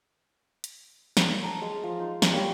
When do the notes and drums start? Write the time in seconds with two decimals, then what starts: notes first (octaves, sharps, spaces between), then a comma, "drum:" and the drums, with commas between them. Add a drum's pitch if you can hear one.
0.64 drum: hi-hat
1.17 drum: snare
1.43 A5 A#5
1.62 G#3 F5
1.83 F3
2.00 D#4
2.22 drum: snare
2.33 G3 A#3 C#4